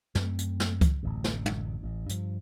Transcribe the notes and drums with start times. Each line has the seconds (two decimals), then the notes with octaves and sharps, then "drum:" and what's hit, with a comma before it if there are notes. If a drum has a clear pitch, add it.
0.15 F#2 A3 C4, drum: snare
0.38 drum: hi-hat
0.60 drum: snare
0.81 drum: kick C#2, hi-hat
1.03 D1 A1 F#2
1.24 drum: snare
1.46 drum: tom
1.83 A1
2.09 G2 F3, drum: hi-hat